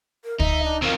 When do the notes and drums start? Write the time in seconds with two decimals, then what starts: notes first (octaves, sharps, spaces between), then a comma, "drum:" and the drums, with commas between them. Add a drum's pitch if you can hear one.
0.24 A#4
0.40 D#4 E5, drum: kick
0.63 D4
0.82 D#3 F#3 C4 F4 A#4